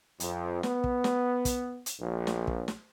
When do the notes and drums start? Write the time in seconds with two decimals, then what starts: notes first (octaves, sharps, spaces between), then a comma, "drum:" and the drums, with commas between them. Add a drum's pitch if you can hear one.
0.20 F2, drum: hi-hat
0.63 B3, drum: snare
0.84 drum: kick
1.04 drum: snare
1.45 drum: kick, hi-hat
1.86 drum: hi-hat
1.99 A#1
2.27 drum: snare
2.47 drum: kick
2.68 drum: snare